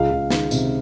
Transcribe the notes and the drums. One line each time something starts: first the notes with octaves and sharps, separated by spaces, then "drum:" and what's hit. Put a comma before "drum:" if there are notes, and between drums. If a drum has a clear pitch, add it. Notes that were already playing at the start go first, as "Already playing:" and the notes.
Already playing: C#2 F5
C#2
D#3, drum: snare
C3, drum: tambourine